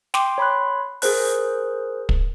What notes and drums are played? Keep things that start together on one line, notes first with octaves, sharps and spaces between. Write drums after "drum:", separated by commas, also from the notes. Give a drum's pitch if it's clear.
G5 C6 D6, drum: snare
C#5 B5 C6 F#6
G#4 A#4 C5 F#6, drum: open hi-hat
drum: kick